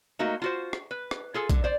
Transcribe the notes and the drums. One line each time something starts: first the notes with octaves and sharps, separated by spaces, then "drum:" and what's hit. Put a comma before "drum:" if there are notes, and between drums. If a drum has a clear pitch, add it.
A3 A#3 D#4 F#4
F4 F#4 C5
drum: rim click
B4
drum: rim click
F4 G#4 A4
D3, drum: kick, hi-hat
C5 D5